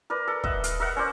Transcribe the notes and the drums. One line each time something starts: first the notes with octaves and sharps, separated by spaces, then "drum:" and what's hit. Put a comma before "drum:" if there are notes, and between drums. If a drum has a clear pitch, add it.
A#4 B4 D5
A4
D#5 E5 F#5, drum: kick
F5, drum: hi-hat
A#4 E5 F#5
C#4 C5 D5